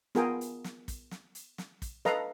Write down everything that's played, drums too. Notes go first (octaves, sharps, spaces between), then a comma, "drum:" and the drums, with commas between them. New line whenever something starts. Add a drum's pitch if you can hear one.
B3 F4 G#4 A#4 G5, drum: snare
drum: hi-hat
drum: snare
drum: kick, hi-hat
drum: snare
drum: hi-hat
drum: snare
drum: kick, hi-hat
A4 B4 D#5 F5 A#5, drum: snare